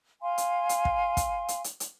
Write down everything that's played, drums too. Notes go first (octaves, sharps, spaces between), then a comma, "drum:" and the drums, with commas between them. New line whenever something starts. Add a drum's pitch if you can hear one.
F5 G#5 C6
drum: hi-hat
drum: hi-hat
drum: kick
drum: kick, hi-hat
drum: hi-hat
drum: hi-hat
drum: hi-hat